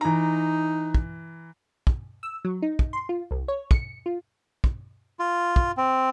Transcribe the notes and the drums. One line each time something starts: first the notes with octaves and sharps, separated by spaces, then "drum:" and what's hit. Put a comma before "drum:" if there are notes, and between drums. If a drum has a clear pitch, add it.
E3 D#4 A#5
drum: kick
drum: kick
E6
F#3
D#4
drum: kick
C6
F4
C2
C#5
C#7, drum: kick
F4
drum: kick
F4
drum: kick
C4